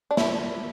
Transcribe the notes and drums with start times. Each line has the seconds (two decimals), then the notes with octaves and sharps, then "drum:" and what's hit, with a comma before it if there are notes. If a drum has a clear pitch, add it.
0.11 D4
0.17 E4, drum: snare